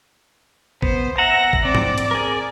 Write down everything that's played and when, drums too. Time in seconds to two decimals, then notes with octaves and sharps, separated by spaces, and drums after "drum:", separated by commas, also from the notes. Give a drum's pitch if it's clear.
0.82 B3 C5, drum: kick
1.18 E5 F#5 A#5 A#6
1.53 drum: kick
1.65 C4 D5
1.75 drum: tom G#2
1.98 drum: hi-hat
2.11 G#4 A#4